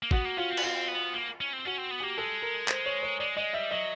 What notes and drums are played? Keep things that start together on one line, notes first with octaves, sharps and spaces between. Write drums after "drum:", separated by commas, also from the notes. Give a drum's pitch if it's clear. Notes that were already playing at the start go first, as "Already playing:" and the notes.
A#3
B3 F#4, drum: kick
A#3
C#4 F4
C4
B3, drum: cymbal
C4 F4
B3
A#3
C#4
C4
C#4 F#4
C4
B3
G4
A#3
G#3 A4
A#4
C5, drum: clap
C#5
C#5
G#3 D5
G#3 D#5
G3 E5
F#3 D#5